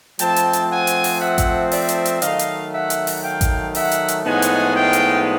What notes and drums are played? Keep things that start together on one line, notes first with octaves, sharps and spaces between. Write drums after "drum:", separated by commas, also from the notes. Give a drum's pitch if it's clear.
F3 A3 C4 G5 A5, drum: hi-hat
drum: hi-hat
drum: hi-hat
F#5 G#5
drum: hi-hat
drum: open hi-hat
E5 F#5
drum: kick A1, hi-hat
D5 E5, drum: open hi-hat
drum: hi-hat
drum: hi-hat
D#3 F#3 A3 D#5 F5, drum: hi-hat
drum: hi-hat
E5 F#5
drum: hi-hat
drum: open hi-hat
F5 G5
drum: kick A1, hi-hat
E5 F#5, drum: open hi-hat
drum: hi-hat
drum: hi-hat
A2 F3 G#3 B3 D#4 F#5 G#5
drum: hi-hat
F5 G5
drum: hi-hat